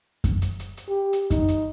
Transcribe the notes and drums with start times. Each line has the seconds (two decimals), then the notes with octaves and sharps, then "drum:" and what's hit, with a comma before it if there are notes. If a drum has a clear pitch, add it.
0.24 drum: kick F#2, hi-hat
0.42 drum: hi-hat
0.60 drum: hi-hat
0.77 drum: hi-hat
0.89 G4
1.13 drum: hi-hat
1.31 D#4, drum: kick F#2, hi-hat
1.48 drum: hi-hat